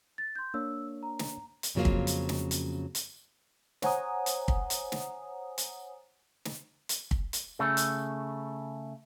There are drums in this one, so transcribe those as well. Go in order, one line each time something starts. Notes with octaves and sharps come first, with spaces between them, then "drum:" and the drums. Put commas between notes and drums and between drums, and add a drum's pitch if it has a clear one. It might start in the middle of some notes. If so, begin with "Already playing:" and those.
A6
C6 G6
A#3 D4 C#5 E6
A#5
drum: snare
drum: hi-hat
F2 C#3 F#3 G3 A#3 F4
drum: kick
drum: hi-hat
drum: snare
drum: hi-hat
drum: hi-hat
C5 C#5 F#5 G#5 A#5 D#6, drum: snare
drum: hi-hat
drum: kick
drum: hi-hat
drum: snare
drum: hi-hat
drum: snare
drum: hi-hat
drum: kick
drum: hi-hat
C#3 A3
drum: hi-hat